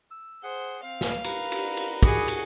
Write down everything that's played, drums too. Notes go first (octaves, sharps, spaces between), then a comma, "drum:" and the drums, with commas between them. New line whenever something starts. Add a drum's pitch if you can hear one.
E6
G#4 C5 F#5
C4 F5
drum: snare B4
B4 A#5, drum: cymbal
drum: cymbal
drum: cymbal
F#4 G#4 B5 D6 D#6, drum: kick, cymbal
drum: cymbal